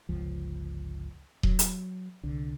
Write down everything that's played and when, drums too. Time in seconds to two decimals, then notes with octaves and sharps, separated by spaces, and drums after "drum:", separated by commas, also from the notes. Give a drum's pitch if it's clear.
0.09 G1 C#2 F3
1.43 F#3, drum: kick D#1
1.59 drum: hi-hat
2.23 C2 D3